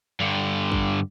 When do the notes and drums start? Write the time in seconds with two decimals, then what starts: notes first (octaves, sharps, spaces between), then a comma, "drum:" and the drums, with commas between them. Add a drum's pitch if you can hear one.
0.20 G2 D3
0.72 drum: kick